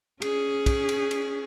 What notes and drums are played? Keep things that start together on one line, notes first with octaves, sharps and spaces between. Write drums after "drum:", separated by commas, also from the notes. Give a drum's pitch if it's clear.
C#4 G#4, drum: cymbal
drum: kick, cymbal
drum: cymbal
drum: cymbal